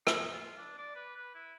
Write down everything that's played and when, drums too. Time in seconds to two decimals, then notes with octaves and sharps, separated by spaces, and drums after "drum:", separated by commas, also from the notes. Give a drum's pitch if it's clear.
0.07 D#4, drum: rim click
0.32 F4
0.58 D4
0.78 D5
0.96 B4
1.16 B4
1.35 E4